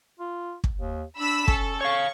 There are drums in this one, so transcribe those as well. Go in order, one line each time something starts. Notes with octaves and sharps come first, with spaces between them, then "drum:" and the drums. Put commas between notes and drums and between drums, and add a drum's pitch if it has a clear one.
F4
drum: kick
D#2
D4 B5 E6 B6
C#4 A4, drum: kick
C#5 F5 C#6